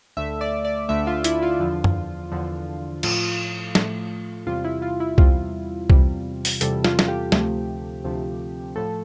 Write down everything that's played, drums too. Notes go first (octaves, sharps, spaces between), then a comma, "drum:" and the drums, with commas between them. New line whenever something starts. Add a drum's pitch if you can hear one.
D2 D3 A3 E5
D5
D5
D2 D3 A3 E5
F4
E4, drum: hi-hat
F4
E2 D3 F3
drum: tom F#2
E2 D3 F3
A2 F3 A3 F4, drum: cymbal
A2 F3 A3, drum: snare
E2 C3 G3 F4
E4
F4
E4
E2 C3 G3 F4, drum: kick C2
E2 C3 G3, drum: kick C2
drum: open hi-hat
E2 C3 G3 A4, drum: hi-hat
F4, drum: snare
drum: snare
G4
D2 C3 F3 A3, drum: snare
D2 C3 F3 A3
A2 F3 A3 A4